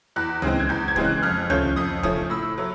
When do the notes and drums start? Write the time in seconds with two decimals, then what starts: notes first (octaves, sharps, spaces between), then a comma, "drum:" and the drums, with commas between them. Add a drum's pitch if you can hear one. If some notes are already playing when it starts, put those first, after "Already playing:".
0.16 E2 F#6
0.42 C#3 E3 G#3 C4, drum: tom C#2
0.60 G#6
0.69 E2 G6
0.88 G#6
0.96 C#3 E3 G#3 C4, drum: kick
1.05 F#6
1.23 F2 F6
1.50 C#3 F3 A3 C#4 G6, drum: tom C#2
1.76 F2 D#6
2.03 C#3 F3 A3 C#4 D#6, drum: kick
2.30 A2 E6
2.58 F#3 A3